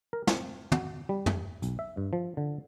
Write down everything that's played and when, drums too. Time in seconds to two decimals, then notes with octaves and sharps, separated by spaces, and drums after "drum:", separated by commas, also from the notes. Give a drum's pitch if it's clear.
0.13 A#4
0.27 C4, drum: snare
0.72 F#4, drum: tom
1.09 G3
1.26 drum: tom
1.62 B1, drum: hi-hat
1.79 E5
1.97 G2
2.13 F3
2.37 D3